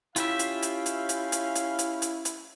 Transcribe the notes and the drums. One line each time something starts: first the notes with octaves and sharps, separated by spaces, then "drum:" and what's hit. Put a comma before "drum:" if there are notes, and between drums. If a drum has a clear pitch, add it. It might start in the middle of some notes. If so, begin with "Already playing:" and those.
C#4 E4 F4 G4 E5 F5, drum: hi-hat
drum: hi-hat
drum: hi-hat
drum: hi-hat
drum: hi-hat
drum: hi-hat
drum: hi-hat
drum: hi-hat
drum: hi-hat
drum: hi-hat